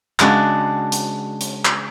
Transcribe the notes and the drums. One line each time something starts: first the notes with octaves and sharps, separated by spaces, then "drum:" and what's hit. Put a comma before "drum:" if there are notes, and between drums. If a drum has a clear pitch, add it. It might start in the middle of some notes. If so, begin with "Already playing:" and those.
C#3 G#3 D4 F#4, drum: clap
drum: hi-hat
drum: hi-hat
drum: clap